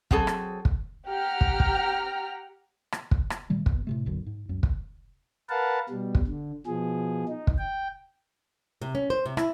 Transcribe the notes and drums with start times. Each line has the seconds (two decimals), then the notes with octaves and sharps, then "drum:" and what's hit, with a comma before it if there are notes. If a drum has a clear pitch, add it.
0.11 F#3 C4 G#4 A4, drum: kick
0.27 drum: rim click
0.65 drum: kick
1.08 G4 F#5 G5 A#5 F6
1.41 drum: kick
1.60 drum: kick
2.92 drum: rim click
3.11 drum: kick
3.30 drum: rim click
3.50 A#2 D#3 G3 A3
3.66 F#1 B2, drum: kick
3.87 A2 C3 A3
4.05 D#1 B1 F#2 D3
4.26 G#2
4.49 C#2 F#2
4.63 drum: kick
5.49 A#4 B4 F5 F#5 A5
5.90 B2 G3
6.15 drum: kick
6.27 D3
6.67 B2 F3 G#4
7.28 D#4
7.47 drum: kick
7.58 G5
8.81 C3
8.95 C#4
9.10 C5
9.26 C3
9.37 E4, drum: rim click